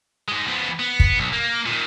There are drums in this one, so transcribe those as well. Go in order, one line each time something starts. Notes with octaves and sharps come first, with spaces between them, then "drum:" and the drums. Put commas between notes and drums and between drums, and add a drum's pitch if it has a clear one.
G#2 G#3
F3 B3
B3
drum: kick
B1
A#3
A#2 D#3